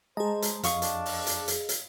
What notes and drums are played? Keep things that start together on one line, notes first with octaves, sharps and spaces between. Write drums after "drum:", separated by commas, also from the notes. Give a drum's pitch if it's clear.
G#3 G#4 C5 D#5 A5 A#5
drum: hi-hat
F2 F5 C#6 D#6, drum: hi-hat
D4, drum: hi-hat
drum: open hi-hat
drum: hi-hat
drum: hi-hat
drum: hi-hat